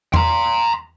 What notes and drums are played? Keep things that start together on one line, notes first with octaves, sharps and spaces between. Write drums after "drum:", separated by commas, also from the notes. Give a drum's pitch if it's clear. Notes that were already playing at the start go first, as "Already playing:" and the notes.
A#5 C6, drum: tom E2